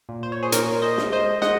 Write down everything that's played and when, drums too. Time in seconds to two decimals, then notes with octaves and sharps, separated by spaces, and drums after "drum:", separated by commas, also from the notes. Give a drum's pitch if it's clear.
0.09 A#2
0.23 C5
0.32 C#5
0.43 G#4 C5
0.52 A#2 A#4 C#5, drum: hi-hat
0.82 C5 D#5
0.98 G#3, drum: snare
1.12 C5 D#5
1.42 G#3 D#5 F#5, drum: snare